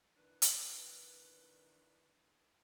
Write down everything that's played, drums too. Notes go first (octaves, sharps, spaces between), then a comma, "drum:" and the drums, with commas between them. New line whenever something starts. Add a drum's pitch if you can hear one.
D#3 E3 D4 B4
drum: hi-hat